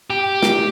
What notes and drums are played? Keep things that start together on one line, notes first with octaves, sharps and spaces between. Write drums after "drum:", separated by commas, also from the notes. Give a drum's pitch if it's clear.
G4
drum: snare